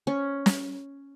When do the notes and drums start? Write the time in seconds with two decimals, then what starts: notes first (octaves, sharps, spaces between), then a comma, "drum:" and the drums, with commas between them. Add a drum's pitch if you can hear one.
0.07 C#4
0.46 drum: snare